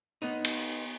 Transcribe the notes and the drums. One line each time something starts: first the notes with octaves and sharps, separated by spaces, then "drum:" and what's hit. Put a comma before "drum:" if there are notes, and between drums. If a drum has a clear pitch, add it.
B3 D#4
drum: cymbal